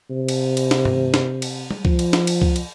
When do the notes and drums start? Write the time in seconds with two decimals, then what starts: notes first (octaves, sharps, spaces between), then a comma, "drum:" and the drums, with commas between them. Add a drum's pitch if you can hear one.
0.10 C3
0.28 drum: cymbal
0.57 drum: cymbal
0.71 drum: snare
0.85 drum: tom G2
1.14 drum: snare
1.42 drum: cymbal
1.71 drum: tom G3
1.85 F3, drum: kick
1.99 drum: cymbal
2.13 drum: snare
2.27 drum: cymbal
2.42 drum: kick
2.56 drum: cymbal